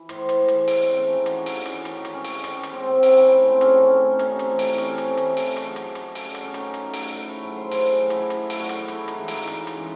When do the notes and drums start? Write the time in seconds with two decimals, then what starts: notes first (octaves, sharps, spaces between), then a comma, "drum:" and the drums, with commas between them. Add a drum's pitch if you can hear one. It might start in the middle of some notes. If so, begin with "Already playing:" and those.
Already playing: E3
0.09 A2 C5, drum: hi-hat
0.29 drum: hi-hat
0.38 E3 G#3 C5
0.48 drum: hi-hat
0.67 C#3 C#4, drum: open hi-hat
0.83 C4
0.97 E3 A3 C#4
1.12 D#4
1.26 C#3 F#4, drum: hi-hat
1.46 drum: open hi-hat
1.56 E3 A3 C#4
1.66 drum: hi-hat
1.85 D#3 C#4, drum: hi-hat
2.05 drum: hi-hat
2.14 G#3 C#4
2.24 drum: open hi-hat
2.44 D#3 C#4, drum: hi-hat
2.63 drum: hi-hat
2.73 G#3 C4
2.91 C4
3.03 D#3 C#4, drum: open hi-hat
3.17 E4
3.32 A3 G#4
3.47 C4
3.61 D#3 C#4, drum: hi-hat
3.90 A3 C#4
4.13 D#4
4.19 C3 C#4, drum: hi-hat
4.39 drum: hi-hat
4.49 E3 A3
4.59 drum: open hi-hat
4.78 C3 C#4, drum: hi-hat
4.98 drum: hi-hat
5.07 E3 A3
5.17 drum: hi-hat
5.37 C#3, drum: open hi-hat
5.57 drum: hi-hat
5.66 F#3 A3
5.76 drum: hi-hat
5.95 C#3, drum: hi-hat
6.15 drum: open hi-hat
6.25 F#3 A3
6.35 drum: hi-hat
6.45 C#4
6.54 C#3 D#4, drum: hi-hat
6.74 drum: hi-hat
6.83 F#3 A3 D#4
6.93 drum: open hi-hat
7.13 C#3 E4
7.28 C#5
7.42 F#3 A3 C#5
7.57 C5
7.71 C#3, drum: open hi-hat
7.91 G#4
8.01 F#3 A3
8.10 E4, drum: hi-hat
8.30 C#3, drum: hi-hat
8.50 drum: open hi-hat
8.59 F#3 A3 F#4
8.69 drum: hi-hat
8.88 C#3 E4, drum: hi-hat
9.08 D#4, drum: hi-hat
9.18 E3 G#3
9.28 drum: open hi-hat
9.48 C#3, drum: hi-hat
9.67 drum: hi-hat
9.77 E3 G#3